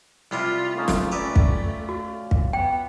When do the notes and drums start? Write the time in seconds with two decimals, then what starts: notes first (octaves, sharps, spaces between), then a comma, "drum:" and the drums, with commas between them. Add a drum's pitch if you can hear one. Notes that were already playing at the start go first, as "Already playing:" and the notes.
0.31 C2 G3 E4 F4
0.77 A3 C#4 D#4 F4
0.88 drum: snare
1.12 C#4 G4 B4 D5 E5
1.36 drum: kick
1.89 F#4
2.31 drum: kick
2.53 B3 G5